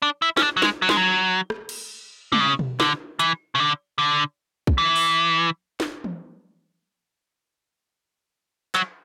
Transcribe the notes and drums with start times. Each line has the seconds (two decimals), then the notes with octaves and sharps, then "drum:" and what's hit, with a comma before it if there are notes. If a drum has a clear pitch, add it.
0.02 D4
0.22 E4
0.37 C#4, drum: snare
0.42 D4
0.57 F#3
0.62 G#3, drum: snare
0.82 F#3
0.89 G#3, drum: snare
0.97 F#3
1.50 drum: rim click
1.69 drum: cymbal
2.32 D3, drum: tom G3
2.40 C#3
2.59 drum: tom B2
2.80 D3, drum: snare
3.19 E3, drum: hi-hat
3.55 C#3
3.60 D3
3.99 D3
4.67 drum: kick
4.78 E3
4.96 drum: open hi-hat
5.80 drum: snare
6.04 drum: tom E3
8.75 F#3, drum: clap